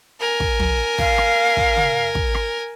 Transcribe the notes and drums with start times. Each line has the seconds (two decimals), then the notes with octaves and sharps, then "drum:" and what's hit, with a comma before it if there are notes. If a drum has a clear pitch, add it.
0.20 A#4 G#5
0.40 drum: kick
0.60 drum: tom
0.98 F5, drum: kick
1.18 drum: rim click
1.57 drum: kick
1.76 drum: tom C#3
2.15 drum: kick
2.35 drum: rim click